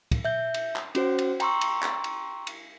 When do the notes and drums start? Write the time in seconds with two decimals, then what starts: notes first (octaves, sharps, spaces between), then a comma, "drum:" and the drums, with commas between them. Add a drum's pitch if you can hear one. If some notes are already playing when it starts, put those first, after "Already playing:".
0.11 drum: kick, cymbal
0.25 E5 G6
0.54 drum: cymbal
0.76 drum: clap
0.95 C#4 F#4 C5, drum: cymbal
1.18 drum: cymbal
1.40 G5 A#5 C6 C#6 E6, drum: cymbal
1.61 drum: cymbal
1.83 drum: clap
2.04 drum: cymbal
2.47 drum: cymbal